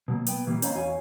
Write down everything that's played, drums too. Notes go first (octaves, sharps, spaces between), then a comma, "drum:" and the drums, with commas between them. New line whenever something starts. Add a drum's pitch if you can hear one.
B2 F#3 A#3
B3 G5, drum: hi-hat
A#2 E3 G3 A#3
C#4 C5 C#5 D#5 F5 A#5, drum: hi-hat
E2 F#4 C#5 F5 G#5